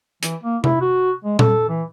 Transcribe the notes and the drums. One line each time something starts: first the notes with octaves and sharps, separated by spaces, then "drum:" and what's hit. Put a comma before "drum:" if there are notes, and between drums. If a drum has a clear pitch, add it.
E3, drum: hi-hat
A#3
E4, drum: tom C3
F#4
G#3
A4, drum: tom A#2
E3